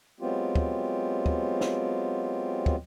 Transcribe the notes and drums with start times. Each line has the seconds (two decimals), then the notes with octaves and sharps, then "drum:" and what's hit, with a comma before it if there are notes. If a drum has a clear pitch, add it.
0.20 F#3 G#3 B3 C4 F4 G4
0.56 drum: kick
1.26 drum: kick
1.61 drum: snare
2.66 drum: kick